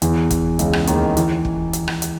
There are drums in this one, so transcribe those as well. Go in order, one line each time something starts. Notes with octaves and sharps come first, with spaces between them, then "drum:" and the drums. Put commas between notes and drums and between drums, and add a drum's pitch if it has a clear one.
E2 E3, drum: hi-hat
drum: kick, hi-hat
C#2 C#3, drum: hi-hat
drum: rim click
D#2 D#3, drum: hi-hat
E3, drum: hi-hat
drum: kick
drum: hi-hat
drum: rim click
drum: hi-hat